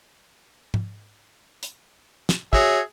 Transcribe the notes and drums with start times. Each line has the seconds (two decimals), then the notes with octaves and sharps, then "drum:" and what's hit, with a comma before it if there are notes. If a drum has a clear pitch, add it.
0.74 drum: tom G#2
1.63 drum: hi-hat
2.29 drum: snare
2.53 F#4 G#4 C#5 E5, drum: kick